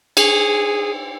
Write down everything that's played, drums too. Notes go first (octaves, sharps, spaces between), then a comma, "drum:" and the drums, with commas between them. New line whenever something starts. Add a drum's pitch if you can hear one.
G#4, drum: cymbal